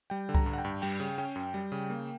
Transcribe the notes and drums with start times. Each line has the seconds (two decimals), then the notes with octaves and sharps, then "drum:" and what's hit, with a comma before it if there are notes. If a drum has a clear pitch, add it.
0.10 G3 G5
0.29 D3
0.35 A#5, drum: kick C2
0.46 G2
0.53 F#5
0.58 G5
0.65 G2
0.82 G3 G5, drum: cymbal
1.00 C#3
1.18 C#4 G5
1.36 F#2
1.54 G3
1.72 C#3
1.90 A#3